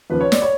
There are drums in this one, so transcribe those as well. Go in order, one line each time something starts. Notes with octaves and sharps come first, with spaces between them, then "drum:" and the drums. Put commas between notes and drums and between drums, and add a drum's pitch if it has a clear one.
D#2 C#3 F3 B4
C#5
D5, drum: snare
C#5